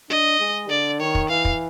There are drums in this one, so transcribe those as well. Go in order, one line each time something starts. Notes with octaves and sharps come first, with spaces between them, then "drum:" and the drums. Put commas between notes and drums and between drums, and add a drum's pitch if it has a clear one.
D4 D#5
G#3
D3 D5
D#3 C#5
drum: kick
E3 F5
drum: kick